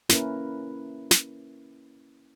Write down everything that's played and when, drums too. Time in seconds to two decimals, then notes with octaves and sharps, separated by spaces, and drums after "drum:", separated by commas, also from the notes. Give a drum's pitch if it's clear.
0.09 A#3 C#4 E4 A#4 B4, drum: snare
1.11 drum: snare